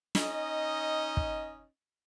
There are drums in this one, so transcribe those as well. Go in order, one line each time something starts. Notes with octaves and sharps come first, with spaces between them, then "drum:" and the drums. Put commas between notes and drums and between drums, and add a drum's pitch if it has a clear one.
C#4 D#4 D#5, drum: snare
drum: kick